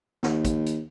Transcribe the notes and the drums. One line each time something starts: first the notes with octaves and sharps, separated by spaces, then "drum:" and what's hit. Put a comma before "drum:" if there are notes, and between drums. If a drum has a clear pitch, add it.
D#2, drum: snare
drum: kick, hi-hat
drum: hi-hat